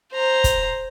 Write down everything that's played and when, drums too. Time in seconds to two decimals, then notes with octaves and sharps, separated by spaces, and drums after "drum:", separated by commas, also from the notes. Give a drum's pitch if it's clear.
0.13 C5 A#5
0.44 drum: kick, hi-hat